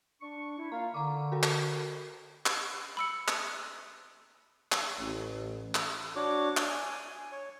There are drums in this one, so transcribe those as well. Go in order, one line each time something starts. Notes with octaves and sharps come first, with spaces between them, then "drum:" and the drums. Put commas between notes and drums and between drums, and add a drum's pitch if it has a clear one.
D4 C#6
E4
A#3 F4 F5 A#5
D3 A#5 C#6 D6
F#4 A4 A#4
drum: clap
drum: clap
B5 E6 C#7
drum: clap
drum: clap
A1
drum: clap
D4 F#4 C#5 D6
drum: clap
G#5
C#5